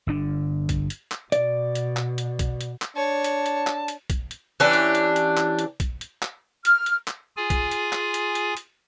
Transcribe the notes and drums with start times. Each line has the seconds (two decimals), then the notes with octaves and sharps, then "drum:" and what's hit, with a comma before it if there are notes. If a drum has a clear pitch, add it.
0.07 G1 D3 D4
0.69 drum: kick B1, hi-hat
0.90 drum: hi-hat
1.12 drum: clap
1.32 B2 D5, drum: hi-hat
1.75 drum: hi-hat
1.97 drum: clap
2.18 drum: hi-hat
2.39 drum: kick B1, hi-hat
2.61 drum: hi-hat
2.82 drum: clap
2.96 D4 C#5 A5
3.24 drum: hi-hat
3.46 drum: hi-hat
3.67 drum: clap
3.88 drum: hi-hat
4.10 drum: kick B1, hi-hat
4.31 drum: hi-hat
4.60 E3 C#4 D4 G4
4.73 drum: hi-hat
4.95 drum: hi-hat
5.16 drum: hi-hat
5.37 drum: clap
5.59 drum: hi-hat
5.80 drum: kick B1, hi-hat
6.01 drum: hi-hat
6.22 drum: clap
6.65 F6, drum: hi-hat
6.86 drum: hi-hat
7.08 drum: clap
7.37 F4 G#4 G#5
7.50 drum: kick B1, hi-hat
7.71 drum: hi-hat
7.93 drum: clap
8.14 drum: hi-hat
8.35 drum: hi-hat
8.57 drum: hi-hat